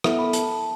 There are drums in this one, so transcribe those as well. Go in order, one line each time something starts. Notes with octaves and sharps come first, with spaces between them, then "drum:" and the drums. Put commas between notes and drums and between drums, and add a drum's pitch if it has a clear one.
B3 E4 A4 E5, drum: rim click
B5
A5, drum: hi-hat